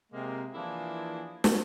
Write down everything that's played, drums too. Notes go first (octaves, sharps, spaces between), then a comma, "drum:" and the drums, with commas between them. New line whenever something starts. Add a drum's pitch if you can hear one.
C3 G#3 A#3
E3 F3 A#3 D4 E4 G#4
drum: snare